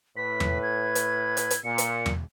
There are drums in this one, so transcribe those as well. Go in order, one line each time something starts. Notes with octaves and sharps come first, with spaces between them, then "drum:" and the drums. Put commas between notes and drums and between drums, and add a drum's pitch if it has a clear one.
A2 B4 B6
drum: tom E2
G#6
drum: hi-hat
drum: hi-hat
drum: hi-hat
A#2 C#7
drum: hi-hat
drum: tom E2